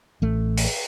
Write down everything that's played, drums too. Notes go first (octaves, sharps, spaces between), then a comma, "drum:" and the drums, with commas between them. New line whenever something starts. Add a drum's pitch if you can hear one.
A1 A3
drum: open hi-hat